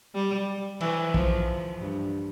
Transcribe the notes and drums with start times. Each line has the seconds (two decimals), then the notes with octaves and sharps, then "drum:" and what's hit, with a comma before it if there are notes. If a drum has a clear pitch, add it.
0.14 G3
0.80 E3, drum: cymbal
1.14 F3, drum: kick
1.81 G2